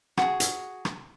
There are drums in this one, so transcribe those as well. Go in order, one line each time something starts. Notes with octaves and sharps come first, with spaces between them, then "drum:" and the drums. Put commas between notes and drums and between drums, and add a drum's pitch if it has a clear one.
F#4 G#4, drum: rim click
drum: hi-hat
drum: rim click